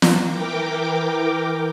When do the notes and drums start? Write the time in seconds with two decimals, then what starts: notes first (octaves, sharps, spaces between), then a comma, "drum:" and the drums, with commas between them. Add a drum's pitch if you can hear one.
0.02 drum: snare
0.24 E3 A#4 G5 D6